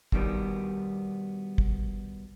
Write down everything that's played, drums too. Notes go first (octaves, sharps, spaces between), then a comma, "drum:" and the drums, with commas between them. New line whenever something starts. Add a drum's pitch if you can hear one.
G2 B2 D#3 G3 B3, drum: kick
drum: kick